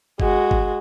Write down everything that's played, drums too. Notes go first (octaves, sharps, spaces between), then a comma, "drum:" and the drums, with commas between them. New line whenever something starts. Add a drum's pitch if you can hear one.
G#3 F#4, drum: kick G1
drum: kick G1